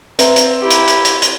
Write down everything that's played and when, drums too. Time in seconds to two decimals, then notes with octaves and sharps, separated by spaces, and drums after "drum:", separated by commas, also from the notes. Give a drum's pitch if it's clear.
0.19 C4 B4 E5 A#5, drum: hi-hat
0.36 drum: hi-hat
0.61 E4 G4
0.70 drum: hi-hat
0.87 drum: hi-hat
1.05 drum: hi-hat
1.22 drum: hi-hat